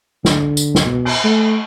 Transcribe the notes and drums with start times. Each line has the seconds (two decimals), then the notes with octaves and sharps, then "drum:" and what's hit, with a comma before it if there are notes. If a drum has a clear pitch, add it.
0.25 D3, drum: snare
0.57 drum: tambourine
0.75 drum: snare
0.85 B2
1.05 drum: cymbal
1.24 A3